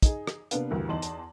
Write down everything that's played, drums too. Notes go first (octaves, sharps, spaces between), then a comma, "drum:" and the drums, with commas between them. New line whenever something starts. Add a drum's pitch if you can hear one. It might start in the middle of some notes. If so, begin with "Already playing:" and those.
D#4 G#4, drum: kick, hi-hat
drum: rim click
C3 A#3 B3 D4 B4 F5, drum: hi-hat
D2 G2 E3 A#4
E2 D#4 A5 C6 F#7
drum: hi-hat